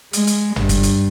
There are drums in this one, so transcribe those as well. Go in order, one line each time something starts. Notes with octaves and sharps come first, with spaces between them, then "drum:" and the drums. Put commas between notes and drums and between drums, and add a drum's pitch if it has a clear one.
G#3, drum: hi-hat
drum: hi-hat
G2, drum: tom
drum: kick, hi-hat
drum: hi-hat